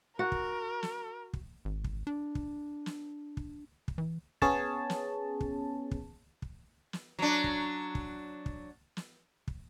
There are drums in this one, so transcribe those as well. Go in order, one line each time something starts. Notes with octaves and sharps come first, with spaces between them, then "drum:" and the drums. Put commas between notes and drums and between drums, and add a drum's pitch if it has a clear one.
F#4 A#4
drum: kick
drum: snare
drum: kick
G#1
drum: kick
D4
drum: kick
drum: snare
drum: kick
drum: kick
E3
B3 C#4 G#4 C#5 A5, drum: kick
drum: snare
drum: kick
drum: kick
drum: kick
drum: snare
F#3 D4
drum: kick
drum: kick
drum: kick
drum: snare
drum: kick